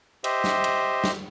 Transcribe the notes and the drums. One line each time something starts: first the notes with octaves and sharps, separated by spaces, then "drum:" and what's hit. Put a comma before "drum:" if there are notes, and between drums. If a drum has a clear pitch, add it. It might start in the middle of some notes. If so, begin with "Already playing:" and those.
G4 C5 D#5 E5, drum: cymbal
drum: snare
drum: cymbal
drum: snare